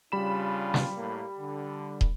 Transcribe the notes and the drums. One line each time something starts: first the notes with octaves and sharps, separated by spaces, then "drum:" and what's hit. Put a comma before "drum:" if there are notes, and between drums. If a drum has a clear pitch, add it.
C#3 G3 D4 F4 B5 E7
drum: snare
A2 A#3
D3
drum: kick